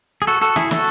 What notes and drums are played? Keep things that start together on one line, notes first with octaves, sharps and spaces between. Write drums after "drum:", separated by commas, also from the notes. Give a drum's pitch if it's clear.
G#4
F#4 A4
F#4 A4, drum: hi-hat
E4 G#4, drum: snare
F#4 A4, drum: snare